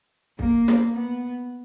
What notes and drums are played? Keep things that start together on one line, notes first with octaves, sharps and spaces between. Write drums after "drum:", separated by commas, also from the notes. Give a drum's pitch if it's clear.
A#3, drum: kick
drum: snare
B3